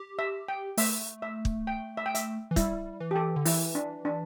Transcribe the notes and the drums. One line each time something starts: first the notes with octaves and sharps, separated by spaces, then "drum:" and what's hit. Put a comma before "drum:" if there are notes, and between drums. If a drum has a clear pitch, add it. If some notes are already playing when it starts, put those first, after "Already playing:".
Already playing: G4
E5
G5
A3 E5, drum: open hi-hat
E5
drum: kick
G5
E5
G5
E5, drum: hi-hat
E3
G3 E4, drum: kick, hi-hat
E3
G4
A4
D3
E3 E4, drum: open hi-hat
D4
D4